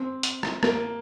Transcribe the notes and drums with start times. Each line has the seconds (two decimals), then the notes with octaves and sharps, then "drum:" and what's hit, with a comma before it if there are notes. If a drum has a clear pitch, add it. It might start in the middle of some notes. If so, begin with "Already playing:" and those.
Already playing: C4
0.23 drum: hi-hat
0.43 drum: rim click
0.63 A#3, drum: rim click